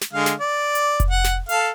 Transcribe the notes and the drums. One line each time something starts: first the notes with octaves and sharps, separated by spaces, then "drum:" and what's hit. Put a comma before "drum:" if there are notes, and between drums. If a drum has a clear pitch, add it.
drum: snare
D3 G#3 F5
drum: snare
D5
drum: hi-hat
drum: kick F1, hi-hat
F#5
drum: snare
A4 F5, drum: hi-hat